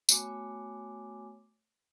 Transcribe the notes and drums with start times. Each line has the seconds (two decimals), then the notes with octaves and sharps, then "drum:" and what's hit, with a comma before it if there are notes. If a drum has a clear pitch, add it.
0.09 A3 B3 F#4 C#5 G#5 D6, drum: tambourine